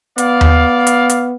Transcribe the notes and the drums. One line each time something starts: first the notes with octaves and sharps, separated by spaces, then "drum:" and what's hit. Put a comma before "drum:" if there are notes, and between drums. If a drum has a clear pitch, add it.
B3 D5 F5, drum: hi-hat
drum: tom D#2
drum: hi-hat
drum: hi-hat